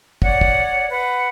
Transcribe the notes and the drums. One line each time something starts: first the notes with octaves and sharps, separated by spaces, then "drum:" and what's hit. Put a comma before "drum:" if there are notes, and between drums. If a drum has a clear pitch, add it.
C#5 D5 F#5, drum: kick
drum: kick
B4 F#5